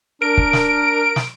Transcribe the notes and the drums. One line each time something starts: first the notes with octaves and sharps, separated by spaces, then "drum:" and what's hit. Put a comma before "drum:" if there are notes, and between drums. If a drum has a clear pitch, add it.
D4 A#4 D7
drum: kick
drum: snare
drum: snare